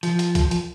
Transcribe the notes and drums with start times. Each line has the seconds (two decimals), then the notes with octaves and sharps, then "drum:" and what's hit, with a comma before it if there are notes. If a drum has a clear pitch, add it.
0.03 F3, drum: hi-hat
0.19 drum: hi-hat
0.35 drum: kick, hi-hat
0.51 drum: hi-hat